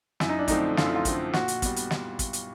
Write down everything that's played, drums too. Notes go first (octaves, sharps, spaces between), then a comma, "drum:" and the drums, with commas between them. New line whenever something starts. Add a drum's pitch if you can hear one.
F#2 E4, drum: snare
D#4
D4
D3 F3 A3 C4 D#4, drum: kick, hi-hat
F#2 F4, drum: snare
E4
F4
D3 F3 A3 C4, drum: kick, hi-hat
A#2 F#4, drum: snare
drum: hi-hat
G3 B3, drum: kick, hi-hat
drum: hi-hat
drum: snare
drum: kick, hi-hat
drum: hi-hat